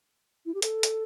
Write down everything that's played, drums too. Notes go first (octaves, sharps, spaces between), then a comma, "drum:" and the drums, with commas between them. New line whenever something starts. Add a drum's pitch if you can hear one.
E4
G4
A4, drum: hi-hat
drum: hi-hat